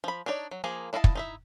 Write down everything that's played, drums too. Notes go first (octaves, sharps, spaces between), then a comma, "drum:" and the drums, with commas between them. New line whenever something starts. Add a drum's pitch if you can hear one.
F3 B5
D4 D#4 C#5 D5
F#3
F3 A#3 G#4
D4 E4 D#5 F5 A5
drum: kick
D#4 E4 E5